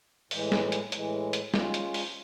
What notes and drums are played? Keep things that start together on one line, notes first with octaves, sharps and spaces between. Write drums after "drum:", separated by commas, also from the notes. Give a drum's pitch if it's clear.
A2 E3 G#3, drum: open hi-hat
drum: snare
drum: hi-hat
A2 E3 G#3, drum: hi-hat
drum: hi-hat
G#3 C#4 F4, drum: snare
drum: hi-hat
drum: open hi-hat